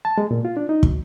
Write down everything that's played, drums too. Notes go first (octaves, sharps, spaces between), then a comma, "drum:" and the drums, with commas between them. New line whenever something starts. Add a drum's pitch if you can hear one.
A5
G#3
A#2
F4
D4
D#4
D2, drum: kick